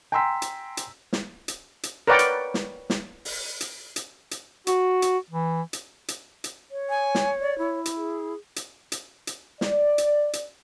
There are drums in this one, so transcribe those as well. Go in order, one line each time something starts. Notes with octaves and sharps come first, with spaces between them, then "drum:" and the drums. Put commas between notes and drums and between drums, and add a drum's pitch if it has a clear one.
G5 G#5 A#5 C6 E6 B6
drum: hi-hat
drum: hi-hat
drum: snare
drum: hi-hat
drum: hi-hat
A#4 B4 C#5 D5 F#5 G5
drum: hi-hat
drum: snare
drum: snare
drum: open hi-hat
drum: hi-hat
drum: hi-hat
drum: hi-hat
F#4, drum: hi-hat
drum: hi-hat
E3
drum: hi-hat
drum: hi-hat
drum: hi-hat
C#5
G#5
drum: snare
D5
E4
drum: hi-hat
G#4
drum: hi-hat
drum: hi-hat
drum: hi-hat
D5, drum: snare
drum: hi-hat
drum: hi-hat